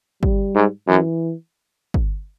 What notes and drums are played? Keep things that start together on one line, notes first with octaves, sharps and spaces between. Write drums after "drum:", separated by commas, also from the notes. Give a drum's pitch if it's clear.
G3, drum: kick
G#2
F#2 E3
drum: kick